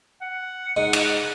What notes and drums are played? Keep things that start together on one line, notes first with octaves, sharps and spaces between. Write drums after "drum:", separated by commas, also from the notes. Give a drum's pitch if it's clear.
F#5
G#2 D#5
drum: cymbal